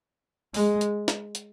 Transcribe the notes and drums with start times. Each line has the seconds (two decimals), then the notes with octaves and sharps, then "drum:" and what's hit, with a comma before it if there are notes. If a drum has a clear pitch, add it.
0.54 G#3, drum: open hi-hat
0.81 drum: hi-hat
1.08 drum: snare
1.35 drum: hi-hat